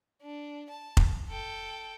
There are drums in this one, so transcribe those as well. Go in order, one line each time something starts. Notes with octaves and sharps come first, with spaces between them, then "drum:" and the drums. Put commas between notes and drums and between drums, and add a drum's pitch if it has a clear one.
D4
A5
drum: kick F1
A4 G5